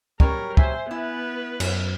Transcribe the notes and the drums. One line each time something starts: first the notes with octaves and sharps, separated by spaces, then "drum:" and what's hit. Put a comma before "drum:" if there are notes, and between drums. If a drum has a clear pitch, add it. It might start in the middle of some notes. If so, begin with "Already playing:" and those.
F#3 G3 C#4 A#4, drum: kick
C5 E5 G#5, drum: kick
B3 E4 B4
F#2, drum: cymbal